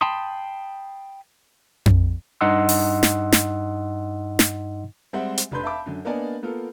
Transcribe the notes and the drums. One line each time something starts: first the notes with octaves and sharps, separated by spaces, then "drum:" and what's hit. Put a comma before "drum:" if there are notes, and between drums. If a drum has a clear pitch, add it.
G5 A5 B5 C6 D#6
drum: tom F2
G2 D#4 D#5 F#5 C6 E6
drum: open hi-hat
drum: snare
drum: snare
drum: snare
G3 G#3 C4 C5 E5 F#5
drum: hi-hat
F1 D4 B4 B5 C6 G6
E5 F5 A5 B5 D6
F#2 D3
A#3 B3 D4 D5 D#5 G#5
A#3 B3 F4 A4 A#4